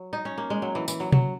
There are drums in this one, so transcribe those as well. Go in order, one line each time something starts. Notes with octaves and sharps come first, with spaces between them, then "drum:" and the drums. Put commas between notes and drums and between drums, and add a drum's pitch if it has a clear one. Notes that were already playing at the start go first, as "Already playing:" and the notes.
Already playing: F#3
D#4
C#4
A#3
G#3
F#3
E3
E3, drum: tambourine
F#3
F#3, drum: tom B2